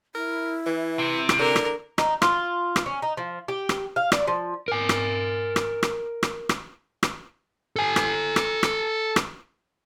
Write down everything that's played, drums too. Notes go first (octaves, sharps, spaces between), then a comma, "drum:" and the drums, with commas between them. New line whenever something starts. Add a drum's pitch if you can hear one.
E4 A#4
E3
C3
drum: rim click
D3 A#4
drum: rim click
D#4, drum: rim click
F4, drum: rim click
drum: rim click
C#4
D#4
F3
G4
drum: rim click
F5
D5, drum: rim click
F3
A#4 G#5
drum: rim click
drum: rim click
drum: rim click
drum: rim click
drum: rim click
drum: rim click
A4 G#5
drum: rim click
drum: rim click
drum: rim click
drum: rim click